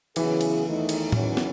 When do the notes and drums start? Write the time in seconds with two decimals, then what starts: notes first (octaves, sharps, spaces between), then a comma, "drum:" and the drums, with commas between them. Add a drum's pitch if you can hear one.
0.16 C#3 E3 F#3 B3 E4 G#4, drum: cymbal
0.41 drum: cymbal
0.65 E2 D#3 A3 D#4
0.89 drum: cymbal
1.12 E2 D#3 F#3 C#4 E4, drum: tom A2
1.37 drum: snare